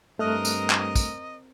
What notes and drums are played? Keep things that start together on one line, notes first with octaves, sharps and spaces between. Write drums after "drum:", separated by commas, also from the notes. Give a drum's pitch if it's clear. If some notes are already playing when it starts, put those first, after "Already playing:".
G2 A3 C4 A#4 D#5 F6 F#6
drum: tambourine
drum: clap
drum: kick, tambourine